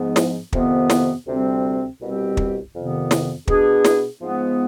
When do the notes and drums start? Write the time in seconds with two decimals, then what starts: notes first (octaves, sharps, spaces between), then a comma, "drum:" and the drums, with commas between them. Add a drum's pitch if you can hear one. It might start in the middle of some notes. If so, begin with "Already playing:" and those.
Already playing: G#2 F3 B3
0.16 drum: snare
0.53 F2 C3 D#3 B3, drum: kick
0.90 drum: snare
1.27 D2 C3 G3 C4
2.00 C2 B2 G3 C4 G4
2.37 drum: kick
2.74 F2 C3 D#3 B3
3.11 drum: snare
3.48 B2 B3 D4 G#4, drum: kick
3.85 drum: snare
4.21 G#2 F3 G#3 B3